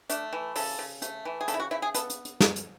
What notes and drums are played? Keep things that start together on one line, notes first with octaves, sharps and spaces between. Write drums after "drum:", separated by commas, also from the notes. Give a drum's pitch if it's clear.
A3 D4, drum: hi-hat
E3
C#3 A4, drum: open hi-hat
C#3
A3, drum: hi-hat
E3
G#4
C#3 A4, drum: hi-hat
E4
F#4
C#3 E4
G#4
B3 A4, drum: hi-hat
drum: hi-hat
drum: hi-hat
drum: snare
drum: hi-hat